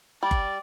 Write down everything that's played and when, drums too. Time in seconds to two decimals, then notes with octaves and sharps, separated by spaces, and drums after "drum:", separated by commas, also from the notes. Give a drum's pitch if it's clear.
0.22 G3 D5
0.31 drum: kick F#1